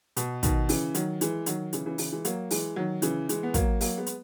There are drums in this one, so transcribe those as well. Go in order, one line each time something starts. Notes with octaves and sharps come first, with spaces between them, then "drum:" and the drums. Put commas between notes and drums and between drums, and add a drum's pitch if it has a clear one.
B2, drum: hi-hat
B2 D#3, drum: kick, hi-hat
C#3 E3, drum: open hi-hat
D#3 F#3, drum: hi-hat
E3 G#3, drum: hi-hat
D#3 F#3, drum: hi-hat
C#3 E3, drum: hi-hat
C#3 E3
C#3 E3, drum: open hi-hat
E3 G#3
F#3 A#3, drum: hi-hat
E3 G#3, drum: open hi-hat
D#3 F#3
C#3 E3, drum: hi-hat
E3 G#3, drum: hi-hat
B3
F#3 A#3, drum: kick, hi-hat
F#3 A#3, drum: open hi-hat
G#3 B3
drum: hi-hat